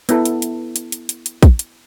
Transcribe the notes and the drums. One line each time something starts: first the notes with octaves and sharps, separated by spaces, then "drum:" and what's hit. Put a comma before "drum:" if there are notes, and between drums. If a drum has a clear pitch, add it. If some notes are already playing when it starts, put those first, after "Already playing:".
B3 E4 A4, drum: hi-hat
drum: hi-hat
drum: hi-hat
drum: hi-hat
drum: hi-hat
drum: hi-hat
drum: hi-hat
drum: kick, hi-hat
drum: hi-hat